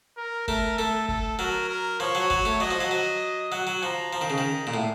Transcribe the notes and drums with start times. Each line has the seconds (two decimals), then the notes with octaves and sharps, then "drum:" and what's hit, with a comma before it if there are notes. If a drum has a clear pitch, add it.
0.17 A#4
0.48 A3 A#4, drum: kick
0.78 A3 A4
1.08 A4, drum: kick
1.39 F#3 A#4
1.69 A#4
2.00 F3 C#5
2.15 F#3
2.30 F#3, drum: kick
2.45 A3
2.60 F#3 D#5
2.71 F3
2.81 F#3
2.91 F#3
3.52 F#3 F#5
3.67 F#3
3.83 F3 A#5
4.13 F3 A#5
4.21 D#3
4.30 C#3
4.38 D#3
4.67 A#2
4.74 A2